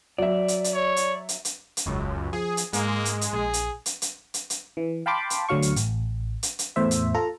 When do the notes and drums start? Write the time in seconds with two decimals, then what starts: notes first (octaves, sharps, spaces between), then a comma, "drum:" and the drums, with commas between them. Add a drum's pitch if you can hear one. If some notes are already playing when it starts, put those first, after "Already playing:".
0.18 F#3 D5 E5
0.48 drum: hi-hat
0.64 drum: hi-hat
0.75 C#5
0.96 drum: hi-hat
1.29 drum: hi-hat
1.45 drum: hi-hat
1.77 drum: hi-hat
1.86 E1 C#2 F#2
2.33 F3 G#4
2.57 drum: hi-hat
2.73 G#2 G#3 A#3, drum: hi-hat
3.05 drum: hi-hat
3.21 drum: hi-hat
3.33 A#1 G#4
3.54 drum: hi-hat
3.86 drum: hi-hat
4.02 drum: hi-hat
4.34 drum: hi-hat
4.50 drum: hi-hat
4.77 E3
5.06 F5 G5 A5 B5 C6 D6
5.30 drum: hi-hat
5.49 D2 D3 F#3 F5 C#6
5.62 drum: hi-hat
5.76 A1, drum: hi-hat
6.43 drum: hi-hat
6.59 drum: hi-hat
6.76 E2 A2 C5 E5
6.91 drum: hi-hat
7.14 F4 A4 A#5